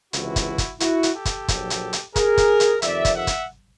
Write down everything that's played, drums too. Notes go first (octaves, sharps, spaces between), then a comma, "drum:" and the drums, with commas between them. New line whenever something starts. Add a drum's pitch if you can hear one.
C#2 C3 E3 E4 F#4, drum: hi-hat
drum: kick, hi-hat
drum: kick, hi-hat
E4 F#4, drum: hi-hat
drum: hi-hat
G4 A4
drum: kick, hi-hat
A#1 A#2 F#3, drum: kick, hi-hat
drum: hi-hat
drum: hi-hat
G#4 A#4, drum: kick, hi-hat
drum: kick, hi-hat
drum: hi-hat
F2 C3 D#3 D5 E5, drum: hi-hat
drum: kick, hi-hat
E5 F#5
drum: kick, hi-hat